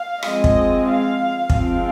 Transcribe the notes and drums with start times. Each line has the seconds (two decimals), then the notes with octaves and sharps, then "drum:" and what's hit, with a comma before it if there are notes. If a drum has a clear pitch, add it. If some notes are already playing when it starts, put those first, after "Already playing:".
Already playing: F5
0.23 F3 G#3 C4 D#5, drum: rim click
0.44 drum: kick
0.86 F5
1.50 F3 G#3 C4 F5, drum: kick